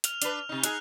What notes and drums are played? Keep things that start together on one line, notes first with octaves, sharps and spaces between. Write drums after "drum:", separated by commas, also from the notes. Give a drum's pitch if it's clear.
F6 F7, drum: hi-hat
D4 B4, drum: hi-hat
C3 D#4
D#4 G#4 F#6, drum: hi-hat